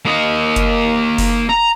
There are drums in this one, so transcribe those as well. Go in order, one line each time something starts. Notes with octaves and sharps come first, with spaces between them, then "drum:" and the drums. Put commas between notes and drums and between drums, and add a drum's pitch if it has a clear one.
A#3 D#5
drum: kick F#1, hi-hat
drum: kick F#1, open hi-hat
A#5